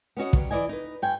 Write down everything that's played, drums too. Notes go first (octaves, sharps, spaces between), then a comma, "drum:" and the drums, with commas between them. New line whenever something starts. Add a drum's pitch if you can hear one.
B3 C#4 F#4 D#5
F#3 G3, drum: kick
E3 D5 D#5 G#5
D#4 B4
G2 G5 G#5